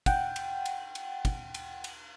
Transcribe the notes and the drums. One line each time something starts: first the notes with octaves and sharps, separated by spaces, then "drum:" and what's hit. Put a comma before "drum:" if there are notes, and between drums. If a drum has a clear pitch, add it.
F#5 G5, drum: kick, cymbal
drum: cymbal
drum: cymbal
drum: cymbal
drum: kick, cymbal
drum: cymbal
drum: cymbal